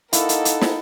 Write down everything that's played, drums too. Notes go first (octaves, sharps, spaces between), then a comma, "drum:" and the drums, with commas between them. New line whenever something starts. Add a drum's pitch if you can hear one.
A#3 D#4 E4 A4 A#4 F#5, drum: hi-hat
drum: hi-hat
drum: hi-hat
drum: snare